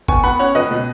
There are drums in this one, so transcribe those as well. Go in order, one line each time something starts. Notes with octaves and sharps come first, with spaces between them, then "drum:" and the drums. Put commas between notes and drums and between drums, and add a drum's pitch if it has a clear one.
B3 G#5 C#6, drum: kick G1
B3 F#5 B5
C#4 C#5 F#5
C#2 B4 D#5
B2